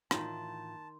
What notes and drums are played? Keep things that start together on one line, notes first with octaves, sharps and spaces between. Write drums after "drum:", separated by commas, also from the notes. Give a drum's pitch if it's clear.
A2 D#3 E3 F4 A5 C6, drum: rim click